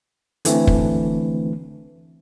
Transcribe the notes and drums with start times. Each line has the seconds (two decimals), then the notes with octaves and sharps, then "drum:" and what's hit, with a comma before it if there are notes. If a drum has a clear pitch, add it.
0.45 D3 E3 A3 C4, drum: hi-hat
0.67 drum: kick